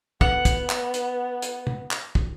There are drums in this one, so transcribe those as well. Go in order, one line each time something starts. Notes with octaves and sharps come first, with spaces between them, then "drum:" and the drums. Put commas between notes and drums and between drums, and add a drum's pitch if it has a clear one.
B3 F#5, drum: kick
drum: kick, hi-hat
drum: clap
drum: hi-hat
drum: hi-hat
drum: tom
drum: clap
drum: kick